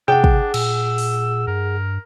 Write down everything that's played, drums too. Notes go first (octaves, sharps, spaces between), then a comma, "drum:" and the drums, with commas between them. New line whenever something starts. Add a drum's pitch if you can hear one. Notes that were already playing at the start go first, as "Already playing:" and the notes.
C3 D4 G#4 F#5 G5
drum: kick
A#2 E6, drum: cymbal
drum: open hi-hat
G2 A#4